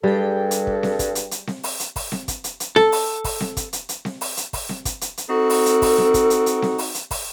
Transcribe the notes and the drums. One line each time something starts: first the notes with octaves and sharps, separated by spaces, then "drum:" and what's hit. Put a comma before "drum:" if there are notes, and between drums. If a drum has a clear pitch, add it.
G2 G3 G#4 A4 G5
drum: hi-hat
drum: kick
drum: snare C4
drum: kick, hi-hat
drum: hi-hat
drum: hi-hat
drum: snare C4
drum: open hi-hat
drum: hi-hat
drum: kick, open hi-hat
drum: snare C4
drum: kick, hi-hat
drum: hi-hat
drum: hi-hat
A4, drum: snare C4
drum: open hi-hat
drum: kick, open hi-hat
drum: snare C4
drum: kick, hi-hat
drum: hi-hat
drum: hi-hat
drum: snare C4
drum: open hi-hat
drum: hi-hat
drum: kick, open hi-hat
drum: snare C4
drum: kick, hi-hat
drum: hi-hat
drum: hi-hat
C4 D#4 F#4 A4
drum: open hi-hat
drum: hi-hat
drum: kick, open hi-hat
drum: snare C4
drum: kick, hi-hat
drum: hi-hat
drum: hi-hat
drum: snare C4
drum: open hi-hat
drum: hi-hat
drum: kick, open hi-hat